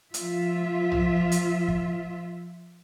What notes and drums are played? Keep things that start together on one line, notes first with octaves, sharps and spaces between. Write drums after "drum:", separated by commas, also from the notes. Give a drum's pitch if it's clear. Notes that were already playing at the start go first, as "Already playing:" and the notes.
F3 F4 E5, drum: hi-hat
drum: tom A#1
drum: hi-hat
drum: kick